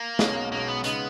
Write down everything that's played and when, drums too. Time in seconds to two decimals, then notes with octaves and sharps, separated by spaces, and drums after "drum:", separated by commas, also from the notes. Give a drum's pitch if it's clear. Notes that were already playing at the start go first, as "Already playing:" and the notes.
Already playing: A#3
0.19 B1 B2 G#3 C#4, drum: snare
0.51 B1 B2 G#3 A#3 C#4
0.68 B3
0.84 C#3 G#3 B3 D#4, drum: hi-hat